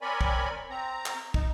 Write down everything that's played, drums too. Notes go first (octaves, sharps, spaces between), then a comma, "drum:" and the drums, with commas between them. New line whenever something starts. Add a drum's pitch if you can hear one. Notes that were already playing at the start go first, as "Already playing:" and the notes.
C4 A#4 C#5 D5 G#5 B5
drum: kick
C4 A#5
drum: clap
D#4, drum: kick